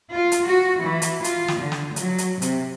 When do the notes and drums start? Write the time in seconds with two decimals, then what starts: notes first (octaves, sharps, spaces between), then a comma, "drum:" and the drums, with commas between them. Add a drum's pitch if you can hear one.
0.13 F4
0.32 drum: hi-hat
0.48 F#4
0.82 E3
1.02 drum: hi-hat
1.24 F4, drum: hi-hat
1.48 drum: snare
1.58 D3
1.72 drum: snare
1.96 F#3, drum: hi-hat
2.18 drum: hi-hat
2.42 C3, drum: hi-hat